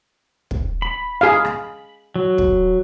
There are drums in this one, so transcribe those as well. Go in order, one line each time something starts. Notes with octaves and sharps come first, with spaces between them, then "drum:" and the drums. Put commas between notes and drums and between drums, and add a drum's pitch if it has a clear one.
drum: kick
B5
G#4 F5
drum: rim click
F#3
drum: kick